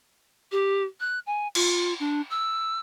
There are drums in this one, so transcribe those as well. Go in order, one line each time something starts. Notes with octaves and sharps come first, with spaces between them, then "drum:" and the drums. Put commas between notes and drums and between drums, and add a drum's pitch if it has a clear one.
G4
F#6
G#5
F4, drum: cymbal
D4
E6